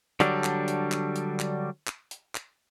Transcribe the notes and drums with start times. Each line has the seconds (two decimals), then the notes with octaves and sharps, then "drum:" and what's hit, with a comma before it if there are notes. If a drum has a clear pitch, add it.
0.20 D3 F#3 G3 D4, drum: hi-hat
0.44 drum: clap
0.68 drum: hi-hat
0.92 drum: clap
1.16 drum: hi-hat
1.40 drum: clap
1.87 drum: clap
2.11 drum: hi-hat
2.35 drum: clap